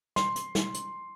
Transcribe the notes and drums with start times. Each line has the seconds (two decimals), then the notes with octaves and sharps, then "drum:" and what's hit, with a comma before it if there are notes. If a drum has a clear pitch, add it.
0.16 C6, drum: snare
0.36 drum: hi-hat
0.55 drum: snare
0.74 drum: hi-hat